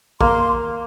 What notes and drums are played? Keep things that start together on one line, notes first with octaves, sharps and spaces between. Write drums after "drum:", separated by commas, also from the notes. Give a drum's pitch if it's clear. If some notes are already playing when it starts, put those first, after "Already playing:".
A#3 C6, drum: kick A1